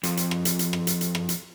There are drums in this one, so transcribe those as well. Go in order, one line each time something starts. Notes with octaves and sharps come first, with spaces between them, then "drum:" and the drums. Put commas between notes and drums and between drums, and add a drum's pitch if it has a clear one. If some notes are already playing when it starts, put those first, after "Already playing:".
F2, drum: hi-hat
drum: hi-hat
drum: rim click
drum: hi-hat
drum: hi-hat
drum: rim click
drum: hi-hat
drum: hi-hat
drum: rim click
drum: hi-hat